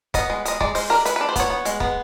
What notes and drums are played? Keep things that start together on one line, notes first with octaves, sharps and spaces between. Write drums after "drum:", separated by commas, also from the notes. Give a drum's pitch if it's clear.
B3 D#5, drum: kick, hi-hat
G#3
G#3 D#5, drum: hi-hat
G#3 D5, drum: kick
G#3 C5, drum: open hi-hat
D4 A#4
G#3 B4, drum: hi-hat
B4
D4
C5
B3 C#5, drum: kick, hi-hat
B3
G#3, drum: hi-hat
B3, drum: kick